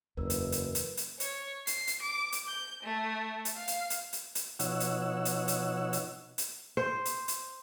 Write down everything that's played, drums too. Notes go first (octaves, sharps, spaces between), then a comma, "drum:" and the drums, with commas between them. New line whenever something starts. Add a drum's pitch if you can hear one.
F#1 E2 A#4 B4 E6
drum: hi-hat
drum: hi-hat
drum: hi-hat
drum: hi-hat
C#5, drum: hi-hat
C7, drum: hi-hat
drum: hi-hat
D6
drum: hi-hat
G6
A3
drum: hi-hat
F5
drum: hi-hat
drum: hi-hat
drum: hi-hat
drum: hi-hat
B2 F3 D#4 C#5 F#5 E6, drum: hi-hat
drum: hi-hat
drum: hi-hat
drum: hi-hat
drum: hi-hat
drum: hi-hat
C5
drum: hi-hat
drum: hi-hat